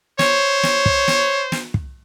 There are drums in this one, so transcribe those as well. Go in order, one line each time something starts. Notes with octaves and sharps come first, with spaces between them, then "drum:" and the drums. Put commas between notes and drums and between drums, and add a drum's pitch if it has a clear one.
C5 C#5, drum: snare
drum: snare
drum: kick
drum: snare
drum: snare
drum: kick